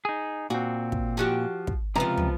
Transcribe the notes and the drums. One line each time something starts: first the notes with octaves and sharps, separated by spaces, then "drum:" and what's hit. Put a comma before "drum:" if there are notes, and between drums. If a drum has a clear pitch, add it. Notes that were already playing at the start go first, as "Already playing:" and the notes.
D#4 G#4
A#2 C4 F#4
drum: kick
F3 F#4 G4
drum: kick
C#2 C3 F3 B3 F4 A#5
drum: tom